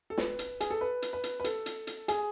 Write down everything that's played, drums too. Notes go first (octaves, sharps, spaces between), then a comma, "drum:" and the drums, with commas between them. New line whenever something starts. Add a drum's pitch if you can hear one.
A4
B4, drum: snare
drum: hi-hat
G#4, drum: hi-hat
A4
B4
drum: hi-hat
B4
drum: hi-hat
B4
A4, drum: hi-hat
drum: hi-hat
drum: hi-hat
G#4, drum: hi-hat